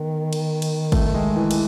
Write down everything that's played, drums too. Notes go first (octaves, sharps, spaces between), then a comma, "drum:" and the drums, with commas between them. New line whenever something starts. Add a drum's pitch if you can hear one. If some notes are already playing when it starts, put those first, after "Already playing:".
Already playing: D#3 B3
drum: cymbal
drum: cymbal
A3, drum: kick G#1, cymbal
G#3
E3
drum: cymbal